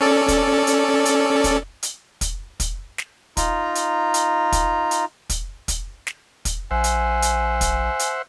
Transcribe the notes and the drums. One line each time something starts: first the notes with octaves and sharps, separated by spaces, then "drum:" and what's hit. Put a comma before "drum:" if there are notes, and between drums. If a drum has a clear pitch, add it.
C#4 A4 D5
drum: kick, hi-hat
drum: hi-hat
drum: hi-hat
drum: kick, hi-hat
drum: hi-hat
drum: kick, hi-hat
drum: kick, hi-hat
drum: snare
D#4 F4 A#5, drum: kick, hi-hat
drum: hi-hat
drum: hi-hat
drum: kick, hi-hat
drum: hi-hat
drum: kick, hi-hat
drum: kick, hi-hat
drum: snare
drum: kick, hi-hat
A#1 C5 E5 F#5 G#5
drum: hi-hat
drum: hi-hat
drum: kick, hi-hat
drum: hi-hat